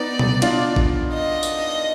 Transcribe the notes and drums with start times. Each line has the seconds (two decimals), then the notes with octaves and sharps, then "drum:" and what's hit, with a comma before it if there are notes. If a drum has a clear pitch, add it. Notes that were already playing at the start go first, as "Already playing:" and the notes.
Already playing: B3 D#4 D5
0.19 drum: tom B2
0.42 D4 F4, drum: cymbal
0.76 drum: kick A1
1.13 D#5
1.43 drum: tambourine